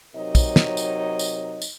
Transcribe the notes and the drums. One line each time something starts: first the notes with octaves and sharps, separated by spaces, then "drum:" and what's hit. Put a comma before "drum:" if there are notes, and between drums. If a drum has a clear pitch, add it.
C3 F#3 D#4 A#4 C#5 D#5
drum: kick, tambourine
drum: snare
drum: tambourine
drum: tambourine
drum: tambourine